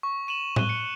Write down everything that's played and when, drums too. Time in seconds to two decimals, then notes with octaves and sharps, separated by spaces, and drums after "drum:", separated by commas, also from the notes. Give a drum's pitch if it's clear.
0.03 C#6
0.27 C#6 D#7 E7 F#7
0.56 F#6 D#7 G7, drum: tom A2
0.69 C#7